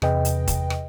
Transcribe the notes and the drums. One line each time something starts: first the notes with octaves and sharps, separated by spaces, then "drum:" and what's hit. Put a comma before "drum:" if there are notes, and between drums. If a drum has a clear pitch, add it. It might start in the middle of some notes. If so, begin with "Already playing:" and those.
E2 C3 G#4 B4 D#5 G5, drum: rim click
drum: hi-hat
drum: kick, hi-hat
drum: rim click